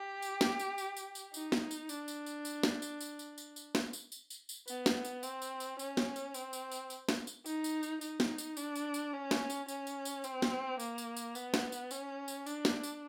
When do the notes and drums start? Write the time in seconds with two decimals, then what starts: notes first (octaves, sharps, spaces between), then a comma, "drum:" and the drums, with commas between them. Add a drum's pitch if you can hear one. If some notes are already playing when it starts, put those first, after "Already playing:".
Already playing: G4
0.22 drum: tambourine
0.41 drum: snare
0.59 drum: tambourine
0.78 drum: tambourine
0.97 drum: tambourine
1.15 drum: tambourine
1.34 D#4, drum: tambourine
1.52 drum: snare
1.71 drum: tambourine
1.89 D4, drum: tambourine
2.08 drum: tambourine
2.26 drum: tambourine
2.45 drum: tambourine
2.63 drum: snare
2.82 drum: tambourine
3.01 drum: tambourine
3.19 drum: tambourine
3.38 drum: tambourine
3.56 drum: tambourine
3.75 drum: snare
3.93 drum: tambourine
4.12 drum: tambourine
4.30 drum: tambourine
4.49 drum: tambourine
4.68 B3, drum: tambourine
4.86 drum: snare
5.05 drum: tambourine
5.23 C4, drum: tambourine
5.42 drum: tambourine
5.60 drum: tambourine
5.79 C#4, drum: tambourine
5.97 drum: snare
6.16 drum: tambourine
6.34 C4, drum: tambourine
6.53 drum: tambourine
6.71 drum: tambourine
6.90 drum: tambourine
7.09 drum: snare
7.27 drum: tambourine
7.46 D#4, drum: tambourine
7.64 drum: tambourine
7.83 drum: tambourine
8.01 D#4, drum: tambourine
8.20 drum: snare
8.38 drum: tambourine
8.57 D4, drum: tambourine
8.75 drum: tambourine
8.94 drum: tambourine
9.13 C#4
9.31 drum: snare
9.50 drum: tambourine
9.68 C#4, drum: tambourine
9.87 drum: tambourine
10.05 drum: tambourine
10.24 C4, drum: tambourine
10.42 drum: snare
10.80 A#3, drum: tambourine
10.98 drum: tambourine
11.17 drum: tambourine
11.35 B3, drum: tambourine
11.54 drum: snare
11.72 drum: tambourine
11.91 C#4, drum: tambourine
12.28 drum: tambourine
12.46 D4, drum: tambourine
12.65 drum: snare
12.83 drum: tambourine